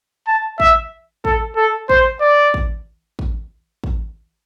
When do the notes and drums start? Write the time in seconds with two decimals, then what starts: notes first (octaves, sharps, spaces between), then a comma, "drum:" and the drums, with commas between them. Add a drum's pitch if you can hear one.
0.27 A5
0.60 E5, drum: kick
1.25 A4, drum: kick
1.56 A4
1.89 C5, drum: kick
2.21 D5
2.54 drum: kick
3.19 drum: kick
3.84 drum: kick